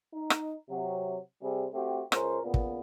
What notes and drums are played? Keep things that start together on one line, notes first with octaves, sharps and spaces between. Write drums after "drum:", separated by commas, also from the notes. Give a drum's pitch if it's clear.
D#4
drum: rim click
C3 F#3
C3 G3 C4 G#4
A3 C4 F#4 G4
C#2 C#4 A#4 C5, drum: rim click
A#2 C#3 B3
drum: kick